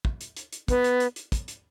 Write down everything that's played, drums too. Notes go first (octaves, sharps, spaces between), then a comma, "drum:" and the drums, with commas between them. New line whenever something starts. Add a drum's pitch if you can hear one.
drum: kick
drum: hi-hat
drum: hi-hat
drum: hi-hat
B3, drum: kick, hi-hat
drum: hi-hat
drum: hi-hat
drum: hi-hat
drum: kick, hi-hat
drum: hi-hat